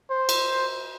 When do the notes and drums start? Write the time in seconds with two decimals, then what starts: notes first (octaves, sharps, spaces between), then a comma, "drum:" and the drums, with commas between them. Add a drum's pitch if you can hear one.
0.10 C5
0.29 drum: cymbal